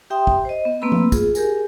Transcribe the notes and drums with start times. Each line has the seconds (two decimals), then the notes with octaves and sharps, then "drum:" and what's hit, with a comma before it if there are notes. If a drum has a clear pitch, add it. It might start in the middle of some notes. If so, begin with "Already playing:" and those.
0.10 G4 E5 G5 C6 D#6
0.27 drum: kick
0.45 C5 D#5
0.65 B3
0.82 A3 A#3 C4 B4 B5 E6
0.92 drum: tom F3
1.12 F4 G#4, drum: kick, tambourine
1.35 G4 G#4 A#4 G#5, drum: tambourine